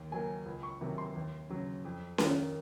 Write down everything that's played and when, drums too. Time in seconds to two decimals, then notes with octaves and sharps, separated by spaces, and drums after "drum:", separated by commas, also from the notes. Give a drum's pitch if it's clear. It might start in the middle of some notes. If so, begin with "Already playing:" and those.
Already playing: D#2
0.11 D#3 F#3 A#3 G#5
0.46 C#2
0.63 C#6
0.81 C3 D#3 F#3
0.98 C6
1.16 D#2
1.50 C#3 F#3
1.85 F2
2.18 D#3 A#3, drum: snare C#4